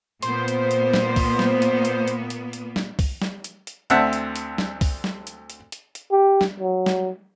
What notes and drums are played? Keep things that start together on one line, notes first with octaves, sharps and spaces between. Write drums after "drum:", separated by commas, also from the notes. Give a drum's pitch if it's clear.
A#2 A#3 B3 C5, drum: hi-hat
drum: hi-hat
drum: hi-hat
drum: snare
drum: kick C2, open hi-hat
drum: snare
drum: hi-hat
drum: hi-hat
drum: hi-hat
drum: hi-hat
drum: hi-hat
drum: snare
drum: kick C2, open hi-hat
drum: snare
drum: hi-hat
drum: hi-hat
D2 C4 E5 F#5 A5, drum: hi-hat
drum: hi-hat
drum: hi-hat
drum: snare
drum: kick C2, open hi-hat
drum: snare
drum: hi-hat
drum: hi-hat
drum: hi-hat
drum: hi-hat
G4
drum: snare
F#3
drum: snare